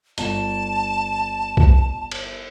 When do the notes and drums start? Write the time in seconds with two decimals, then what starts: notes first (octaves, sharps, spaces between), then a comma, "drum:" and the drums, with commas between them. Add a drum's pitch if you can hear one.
0.18 G1 A5, drum: hi-hat
1.57 drum: kick
2.11 drum: cymbal